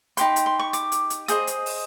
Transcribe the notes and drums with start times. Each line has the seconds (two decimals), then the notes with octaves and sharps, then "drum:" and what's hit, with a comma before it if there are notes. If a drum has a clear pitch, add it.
0.17 D#4 G4 C5 C6, drum: hi-hat
0.36 drum: hi-hat
0.46 C6
0.59 C#6
0.73 D6, drum: hi-hat
0.92 drum: hi-hat
1.10 drum: hi-hat
1.28 G#4 C5 D#5 D#6, drum: hi-hat
1.47 drum: hi-hat
1.66 drum: open hi-hat